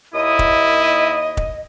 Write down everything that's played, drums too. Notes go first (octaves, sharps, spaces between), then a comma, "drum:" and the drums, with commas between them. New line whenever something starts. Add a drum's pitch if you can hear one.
D#2 E4 D#5 D#6
drum: kick
drum: kick